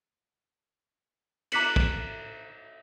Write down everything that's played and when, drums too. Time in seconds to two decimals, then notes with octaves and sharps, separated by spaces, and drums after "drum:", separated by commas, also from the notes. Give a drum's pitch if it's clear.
1.52 A#5 D6 F#6 B6 C#7 F#7, drum: cymbal
1.76 drum: kick